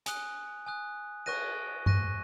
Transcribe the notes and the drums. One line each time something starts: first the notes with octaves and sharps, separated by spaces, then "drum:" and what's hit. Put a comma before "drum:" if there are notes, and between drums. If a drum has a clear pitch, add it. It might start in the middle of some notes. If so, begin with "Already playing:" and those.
G#5 D#6 F#6, drum: hi-hat
G#5 D#6 F#6
C#6 F#6 A#6 D#7, drum: cymbal
C#6 F#6 A#6 D#7, drum: tom G2